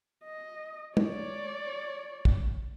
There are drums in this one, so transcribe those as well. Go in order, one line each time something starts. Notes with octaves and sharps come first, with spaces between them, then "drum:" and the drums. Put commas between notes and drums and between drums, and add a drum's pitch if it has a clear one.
D#5
C#5 D5, drum: tom
drum: kick